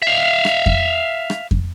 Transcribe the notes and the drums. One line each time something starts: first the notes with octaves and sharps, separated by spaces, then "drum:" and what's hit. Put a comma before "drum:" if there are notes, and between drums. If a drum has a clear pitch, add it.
E5 F5
drum: rim click
drum: kick F2
drum: rim click
drum: kick F2